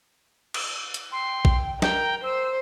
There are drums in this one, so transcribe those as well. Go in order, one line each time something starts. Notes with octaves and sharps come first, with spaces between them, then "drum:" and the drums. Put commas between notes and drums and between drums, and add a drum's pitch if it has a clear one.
drum: cymbal
drum: hi-hat
G5 C6
drum: kick A#1
A#4 G5, drum: snare
C5 E6